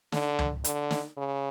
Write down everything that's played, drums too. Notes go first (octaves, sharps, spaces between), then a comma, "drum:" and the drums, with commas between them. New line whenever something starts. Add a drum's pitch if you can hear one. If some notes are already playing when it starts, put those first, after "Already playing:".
D3, drum: snare
drum: tom C#2
D3, drum: hi-hat
drum: snare
C#3